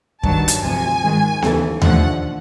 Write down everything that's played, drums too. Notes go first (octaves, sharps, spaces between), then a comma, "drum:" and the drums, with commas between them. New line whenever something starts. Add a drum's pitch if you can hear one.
G2 D#3 F#3 A5, drum: kick
drum: hi-hat
D2 C3 F3 G#5
G#2 D#3 G#3
D#2 C#3 E3 A3, drum: snare B3
D#2 D3 F3 A3 F#5, drum: tom D#2